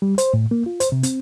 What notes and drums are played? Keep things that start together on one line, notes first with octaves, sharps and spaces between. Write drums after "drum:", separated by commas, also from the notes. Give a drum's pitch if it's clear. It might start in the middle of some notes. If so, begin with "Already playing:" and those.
G3
C5, drum: hi-hat
A2
A#3
F4
C5, drum: hi-hat
C3
C4, drum: hi-hat